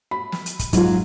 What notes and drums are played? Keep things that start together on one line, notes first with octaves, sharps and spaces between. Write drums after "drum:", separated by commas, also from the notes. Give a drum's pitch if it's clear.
B5
drum: snare
drum: hi-hat
drum: kick, hi-hat
G#2 F#3 F4, drum: kick, hi-hat